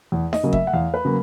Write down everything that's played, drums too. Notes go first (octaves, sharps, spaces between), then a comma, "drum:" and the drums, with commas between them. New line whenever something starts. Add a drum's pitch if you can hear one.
E2
D#5, drum: snare D#4
C#3 F#3 A#3
E5, drum: kick G1
F#5
E2 F5
B4
C#3 F#3 A#3